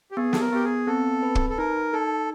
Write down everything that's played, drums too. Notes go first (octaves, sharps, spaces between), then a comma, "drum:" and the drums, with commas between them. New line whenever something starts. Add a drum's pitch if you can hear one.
G4
B3 G#4
A4, drum: snare
A#4
B3 G4
G#4
C4 A4
B4
drum: kick
A4
D#4 A#4
D#4 A4